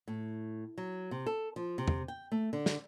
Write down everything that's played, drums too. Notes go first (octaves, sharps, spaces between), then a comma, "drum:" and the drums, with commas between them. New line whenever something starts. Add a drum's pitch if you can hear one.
A2
F#3
C3
A4
F3
C3
drum: tom E2
G5
A3
D3
drum: snare